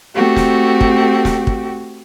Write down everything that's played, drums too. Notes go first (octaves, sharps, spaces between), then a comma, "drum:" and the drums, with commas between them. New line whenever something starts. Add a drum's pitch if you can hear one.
A3 C4 F#4 G4
drum: snare
drum: kick
drum: snare
drum: kick